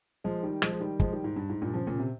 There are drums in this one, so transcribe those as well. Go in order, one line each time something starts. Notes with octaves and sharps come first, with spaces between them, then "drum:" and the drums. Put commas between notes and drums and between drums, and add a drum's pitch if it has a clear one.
F3 G#3
D#3 G3
F3 G#3, drum: rim click
G#3
D#3 G3
F3 G#3, drum: kick
D#3 G3
G#2
G2
G#2
G2 A#2
C#3 F3
A#2 C#3
C3